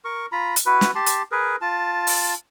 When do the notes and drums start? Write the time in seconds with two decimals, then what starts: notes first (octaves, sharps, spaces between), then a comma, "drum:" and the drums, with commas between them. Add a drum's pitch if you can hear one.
0.05 A#4 C#6
0.32 F4 A#5 B5
0.56 drum: hi-hat
0.66 E4 F#4 B4
0.81 drum: snare
0.95 G4 A5 C6
1.06 drum: hi-hat
1.31 G#4 A#4 B4
1.61 F4 A5
2.07 drum: open hi-hat